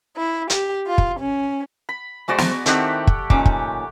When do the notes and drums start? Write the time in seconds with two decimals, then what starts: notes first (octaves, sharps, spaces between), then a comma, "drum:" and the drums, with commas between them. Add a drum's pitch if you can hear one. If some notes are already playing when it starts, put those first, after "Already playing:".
0.14 E4
0.50 G4, drum: hi-hat
0.85 F4
0.98 drum: kick
1.19 C#4
1.89 B5
2.28 F#3 G#3 A3 F#4 C5 D5
2.38 drum: snare
2.66 D#3 A3 C4 E4 G4 F#5, drum: hi-hat
3.07 drum: kick
3.30 A#2 D#3 C#4 D6, drum: kick
3.45 drum: kick